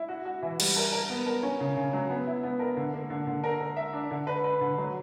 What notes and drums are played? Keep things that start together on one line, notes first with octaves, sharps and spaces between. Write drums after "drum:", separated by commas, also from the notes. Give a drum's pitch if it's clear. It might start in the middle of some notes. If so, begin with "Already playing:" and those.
Already playing: E4
F#4
F#4
E3
G3, drum: cymbal
A#4
A#4
B3
A#4
C#4
C#3
C#3
F#3
B3
E4
B3
A#4
D3
A#3
D3
D3
A#4
A#4
E5
D4
D3
B4
B4
D3
F#3